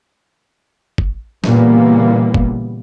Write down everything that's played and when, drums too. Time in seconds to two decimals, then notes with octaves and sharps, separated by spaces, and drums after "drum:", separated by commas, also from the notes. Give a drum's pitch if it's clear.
0.98 drum: kick
1.44 A#2 C#3 E3 G3 A#3 B3, drum: snare
2.34 drum: kick